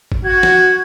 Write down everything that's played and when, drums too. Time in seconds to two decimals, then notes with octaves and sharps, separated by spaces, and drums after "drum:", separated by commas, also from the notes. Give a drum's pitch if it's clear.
0.12 drum: kick G#1
0.25 F#4 G#6
0.43 drum: snare